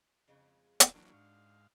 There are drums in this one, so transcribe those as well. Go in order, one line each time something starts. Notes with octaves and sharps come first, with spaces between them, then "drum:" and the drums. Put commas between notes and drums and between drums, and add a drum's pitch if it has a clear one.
F2 C#3 G#3
drum: hi-hat
E3 F#3 A#3 D4 F#4
G#2 F5